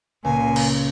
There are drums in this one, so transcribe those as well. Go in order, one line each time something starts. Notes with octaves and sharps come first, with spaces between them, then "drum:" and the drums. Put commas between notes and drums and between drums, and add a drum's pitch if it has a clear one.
C#2 A#2 G#5
drum: cymbal